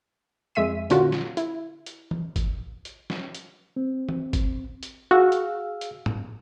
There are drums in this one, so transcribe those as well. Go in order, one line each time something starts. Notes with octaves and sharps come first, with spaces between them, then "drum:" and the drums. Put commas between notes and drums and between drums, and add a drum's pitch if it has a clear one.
F2 G#3 E5 B6 D#7
A#2 D3 C#4 F4 F#4, drum: hi-hat
drum: snare
E4, drum: hi-hat
drum: hi-hat
drum: tom E3
drum: kick, hi-hat
drum: hi-hat
drum: snare
drum: hi-hat
C4
drum: tom E3
drum: kick, hi-hat
drum: hi-hat
F#4 G#4 F5 E6
drum: hi-hat
drum: hi-hat
drum: tom G#2